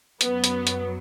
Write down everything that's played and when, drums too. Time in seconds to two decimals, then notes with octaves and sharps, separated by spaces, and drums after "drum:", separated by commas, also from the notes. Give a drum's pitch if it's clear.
0.21 F#2 F#3 B3, drum: hi-hat
0.44 drum: hi-hat
0.67 drum: hi-hat